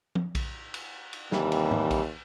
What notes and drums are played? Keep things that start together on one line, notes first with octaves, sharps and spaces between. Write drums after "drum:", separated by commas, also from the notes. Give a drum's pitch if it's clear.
drum: tom F3
drum: kick A#1, cymbal
drum: cymbal
drum: cymbal
D#2 C3 E3 G3, drum: snare
drum: cymbal
drum: tom G#2
drum: kick A#1, cymbal